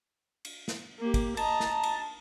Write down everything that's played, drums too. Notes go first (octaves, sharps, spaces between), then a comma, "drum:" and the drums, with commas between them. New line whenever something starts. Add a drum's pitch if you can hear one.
drum: cymbal
drum: snare
A#3 G4
drum: kick, cymbal
D#5 A5 A#5, drum: cymbal
drum: snare
drum: cymbal